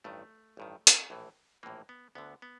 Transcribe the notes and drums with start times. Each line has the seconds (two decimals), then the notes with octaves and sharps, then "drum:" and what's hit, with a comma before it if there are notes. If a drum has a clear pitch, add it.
0.04 A1 G2 D#3 A3
0.57 A1 G2 D#3
0.87 drum: hi-hat
1.10 A#1 A2 E3
1.63 A#1 A2 E3 A#3
1.89 B3
2.15 D2 D3 B3
2.42 B3